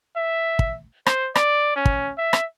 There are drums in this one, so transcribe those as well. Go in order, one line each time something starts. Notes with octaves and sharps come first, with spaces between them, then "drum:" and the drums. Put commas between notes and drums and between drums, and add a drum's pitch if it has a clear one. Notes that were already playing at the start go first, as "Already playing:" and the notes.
E5
drum: kick
C5, drum: rim click
D5, drum: rim click
C#4
drum: kick
E5
drum: rim click